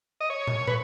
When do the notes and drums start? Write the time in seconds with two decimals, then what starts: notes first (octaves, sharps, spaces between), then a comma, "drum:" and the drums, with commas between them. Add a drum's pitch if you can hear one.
0.21 D#5
0.30 C#5
0.47 drum: tom
0.67 B4, drum: tom